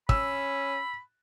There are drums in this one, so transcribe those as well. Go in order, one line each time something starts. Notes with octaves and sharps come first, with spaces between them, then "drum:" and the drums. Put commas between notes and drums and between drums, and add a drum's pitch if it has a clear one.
C#4 B5 E6, drum: kick